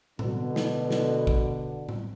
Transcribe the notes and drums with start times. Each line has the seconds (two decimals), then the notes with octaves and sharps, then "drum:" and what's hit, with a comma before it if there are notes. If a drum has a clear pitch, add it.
0.19 B2 D3, drum: tom A2
0.56 drum: snare
0.91 drum: snare
1.27 drum: kick
1.89 drum: tom A2